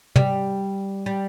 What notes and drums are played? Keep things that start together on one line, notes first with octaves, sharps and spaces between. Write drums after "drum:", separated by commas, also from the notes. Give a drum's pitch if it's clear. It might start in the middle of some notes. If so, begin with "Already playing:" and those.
G3, drum: tom
G3